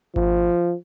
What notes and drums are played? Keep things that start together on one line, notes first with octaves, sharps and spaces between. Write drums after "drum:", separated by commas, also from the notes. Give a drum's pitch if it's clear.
F3, drum: kick G#1